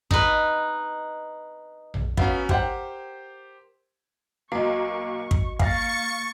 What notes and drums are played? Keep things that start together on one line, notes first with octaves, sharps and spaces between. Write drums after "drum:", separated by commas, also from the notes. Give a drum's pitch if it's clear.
D#4 B4, drum: kick
drum: tom A#1
F#3 B3 C#4 F5, drum: kick
G4 A#4 C5 F#5 G5, drum: kick
B1 A#3 F#4 D#5 C#6
drum: kick
A#3 F5 C#6 A6 A#6 C#7, drum: kick